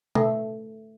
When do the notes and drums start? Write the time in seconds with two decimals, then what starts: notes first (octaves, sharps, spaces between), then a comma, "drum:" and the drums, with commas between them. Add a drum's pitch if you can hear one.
0.15 A3, drum: tom B2